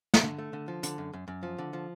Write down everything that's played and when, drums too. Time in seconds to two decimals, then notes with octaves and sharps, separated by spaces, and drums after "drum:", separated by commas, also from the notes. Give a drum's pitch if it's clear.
0.14 drum: snare
0.23 D3
0.38 A3
0.53 D3
0.68 F3
0.83 D3, drum: hi-hat
0.98 F#2
1.13 F#2
1.28 F#2
1.43 F3
1.58 D3
1.73 F3